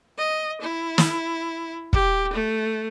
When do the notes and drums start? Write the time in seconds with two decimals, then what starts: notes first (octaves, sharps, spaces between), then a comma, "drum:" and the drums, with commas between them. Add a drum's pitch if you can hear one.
0.18 D#5
0.61 E4
0.98 drum: snare
1.93 G4, drum: kick
2.33 A3